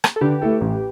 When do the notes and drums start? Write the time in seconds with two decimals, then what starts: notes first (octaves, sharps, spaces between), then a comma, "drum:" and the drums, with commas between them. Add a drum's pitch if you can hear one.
0.04 drum: rim click
0.16 A4
0.21 D3 G4 B4
0.42 A3 E4 A4
0.61 A1